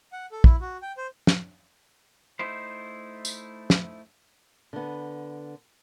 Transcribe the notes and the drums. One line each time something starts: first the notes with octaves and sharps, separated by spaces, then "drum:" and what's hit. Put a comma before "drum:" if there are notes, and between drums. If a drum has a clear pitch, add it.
F#5
A4
E4, drum: kick
F#4
G5
C5
drum: snare
A3 D#4 E4 C5
drum: tambourine
drum: snare
D3 B3